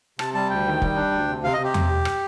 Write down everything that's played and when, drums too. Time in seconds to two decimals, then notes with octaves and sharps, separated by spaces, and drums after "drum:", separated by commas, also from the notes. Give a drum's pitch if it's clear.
0.19 C3 A5, drum: rim click
0.34 G3 A5
0.50 D2 G5
0.66 D#3
0.82 G3, drum: kick
0.96 D4
1.12 D2
1.28 C3
1.43 C3 F5
1.53 D#5
1.59 C3 G4
1.74 drum: tom E2
2.05 drum: rim click